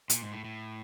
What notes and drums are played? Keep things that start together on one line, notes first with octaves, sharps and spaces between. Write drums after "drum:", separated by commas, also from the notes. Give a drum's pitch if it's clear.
A#2, drum: hi-hat
G#2
A2
A2